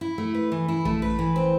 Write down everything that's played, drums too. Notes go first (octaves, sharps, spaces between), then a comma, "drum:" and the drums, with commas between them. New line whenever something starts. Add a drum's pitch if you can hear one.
E4
A3
B4
E3
E4
A3, drum: kick A#1
B4
E3
C4